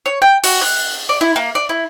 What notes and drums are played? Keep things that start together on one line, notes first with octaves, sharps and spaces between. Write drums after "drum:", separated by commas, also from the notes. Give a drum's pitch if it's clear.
C#5
G5
F#4, drum: open hi-hat
F#6
D5
E4
A#3
D5
E4